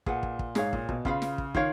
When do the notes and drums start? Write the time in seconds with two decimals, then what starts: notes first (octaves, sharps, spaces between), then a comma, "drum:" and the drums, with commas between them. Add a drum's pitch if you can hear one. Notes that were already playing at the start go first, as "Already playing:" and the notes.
0.06 A#2 G#4 B4 F#5, drum: kick
0.23 drum: kick
0.39 drum: kick
0.55 G#2 G#4 C#5 F5, drum: snare
0.73 A#2, drum: kick
0.89 B2, drum: kick
1.05 C#3 F4 B4 F5, drum: kick
1.22 drum: snare
1.38 drum: kick
1.54 D#3 F4 A#4 C#5 F5, drum: kick